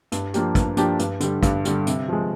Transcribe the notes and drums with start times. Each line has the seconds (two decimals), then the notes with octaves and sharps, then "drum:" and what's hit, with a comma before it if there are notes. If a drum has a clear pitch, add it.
0.12 G2, drum: hi-hat
0.34 F3 A#3 D4 G4, drum: hi-hat
0.55 G2, drum: kick, hi-hat
0.77 F3 A#3 D4 G4, drum: hi-hat
0.99 G2, drum: hi-hat
1.20 D3 G3, drum: hi-hat
1.43 G2, drum: kick, hi-hat
1.65 D3 G3, drum: hi-hat
1.87 C3, drum: hi-hat
2.08 F3 G#3